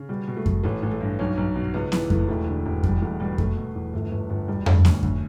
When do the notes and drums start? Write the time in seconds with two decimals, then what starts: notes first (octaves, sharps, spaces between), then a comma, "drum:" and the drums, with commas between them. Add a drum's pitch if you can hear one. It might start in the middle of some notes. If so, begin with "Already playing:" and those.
Already playing: C#3
0.09 B2 G3
0.28 B2
0.37 A3
0.46 B2, drum: kick F2
0.63 A1 A3
0.83 A1
0.91 A3
1.01 G2
1.19 B1 C#4
1.37 B1
1.55 B2
1.74 C#2 B3
1.92 E3 B3, drum: snare B3
2.10 E3 A3, drum: kick F2
2.29 E1 A3
2.47 D3
2.66 E1
2.83 E2 G3, drum: kick F2
3.02 E2 A3
3.20 B2 G3
3.38 B2 A3, drum: kick F2
3.57 B2
3.75 E2
3.93 G1 A3
4.12 G1
4.30 G1
4.48 E1 G3
4.66 D3 A3, drum: tom F2
4.85 D2 C#4, drum: snare B3
5.03 D2, drum: kick F2